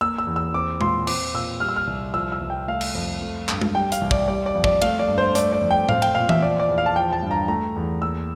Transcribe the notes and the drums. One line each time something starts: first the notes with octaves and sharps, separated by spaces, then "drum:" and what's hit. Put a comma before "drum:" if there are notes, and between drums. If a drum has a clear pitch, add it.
A#3 E6
E6
E2
E6
C4 D6
A#2 C6, drum: tom G#3
C4 D6, drum: cymbal
A#2 E6
G3 F6
E6
F6
C2
F3 E6
E6
C2
G5
A3 F5
drum: cymbal
F2
A3
G2, drum: clap
drum: tom G#3
G3 G5
F5, drum: hi-hat
C2
D5, drum: kick
G3 D5
D5
F2
D5, drum: kick
A3 F5, drum: cymbal
D5
G2
C5
A3 D5, drum: hi-hat
D5
F2
G5
C4 F5, drum: tom A2
G5, drum: cymbal
A#2 F5
E5, drum: tom E3
F3 D5
D5
E2
F5
A5
F3 G5
A5
G2
A#5
A3 A#5
E2
A#3 E6